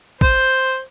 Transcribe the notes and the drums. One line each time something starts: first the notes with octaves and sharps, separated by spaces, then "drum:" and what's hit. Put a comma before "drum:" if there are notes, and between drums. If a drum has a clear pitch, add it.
C5, drum: kick